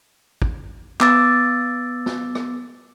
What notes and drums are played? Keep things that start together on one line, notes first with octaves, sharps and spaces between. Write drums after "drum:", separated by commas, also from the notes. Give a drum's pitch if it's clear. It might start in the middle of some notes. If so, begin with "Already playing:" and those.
drum: kick
B3 D6 E6 A6, drum: clap
drum: snare
drum: rim click